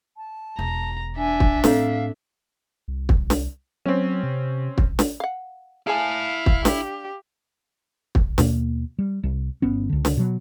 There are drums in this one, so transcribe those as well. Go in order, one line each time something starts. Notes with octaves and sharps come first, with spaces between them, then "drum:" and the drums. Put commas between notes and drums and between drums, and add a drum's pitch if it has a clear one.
A5
E1 A#5
D4 E5 G#5
drum: kick
A2 C4 A4 F5, drum: snare
C2
drum: kick
drum: snare
F#3 C4 C#4
C3
drum: kick
drum: snare
F5 F#5
E4 G#4 F5 G#5 A5
drum: kick
D4 G4, drum: snare
drum: kick
D#2 B2 A#3, drum: snare
G3
C2
G1 B3 C#4
C#2 D3
drum: snare
B2 F#3